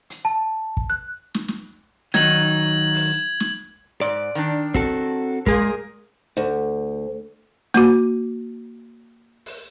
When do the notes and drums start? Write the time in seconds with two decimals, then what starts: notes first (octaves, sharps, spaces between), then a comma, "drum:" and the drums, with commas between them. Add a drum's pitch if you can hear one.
0.10 drum: hi-hat
0.25 A5
0.77 drum: kick
0.90 F#6
1.34 drum: snare
1.48 drum: snare
2.14 D#3 F#3 D#4 G#6 F#7, drum: snare
2.94 drum: open hi-hat
3.40 drum: snare
4.01 G#2 D5
4.35 D#3 D4
4.74 C4 F#4 A4, drum: kick
5.46 A#2 G#3 G#4 A#4, drum: kick
6.37 D2
7.74 A#3 F#4, drum: snare
9.46 drum: open hi-hat